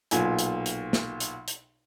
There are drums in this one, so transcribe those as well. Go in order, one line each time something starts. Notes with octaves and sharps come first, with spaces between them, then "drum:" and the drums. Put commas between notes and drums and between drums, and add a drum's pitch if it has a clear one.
B1 A#2 F4 G#5, drum: hi-hat
drum: hi-hat
drum: hi-hat
drum: snare
drum: hi-hat
drum: hi-hat